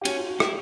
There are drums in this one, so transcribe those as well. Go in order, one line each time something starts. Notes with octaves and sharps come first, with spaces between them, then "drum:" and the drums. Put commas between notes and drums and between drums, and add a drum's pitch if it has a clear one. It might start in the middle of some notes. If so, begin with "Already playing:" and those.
G4
C#4 F#4, drum: cymbal
F4
F#4
E4 G4, drum: rim click